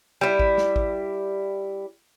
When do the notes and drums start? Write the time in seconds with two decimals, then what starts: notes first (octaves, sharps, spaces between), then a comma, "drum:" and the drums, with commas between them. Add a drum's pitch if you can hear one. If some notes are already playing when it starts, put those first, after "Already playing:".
0.21 G3 E4
0.39 drum: kick A1
0.58 drum: snare
0.76 drum: kick A1